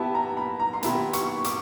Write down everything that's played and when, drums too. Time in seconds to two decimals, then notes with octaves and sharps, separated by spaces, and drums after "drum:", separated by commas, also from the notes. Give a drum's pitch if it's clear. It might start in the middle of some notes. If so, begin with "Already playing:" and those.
Already playing: B3 E4 G4 A5
0.15 A#5
0.37 B5
0.59 A#5
0.73 C6
0.83 B3 E4 G4 B5, drum: hi-hat
1.13 C#6, drum: hi-hat
1.44 D6, drum: hi-hat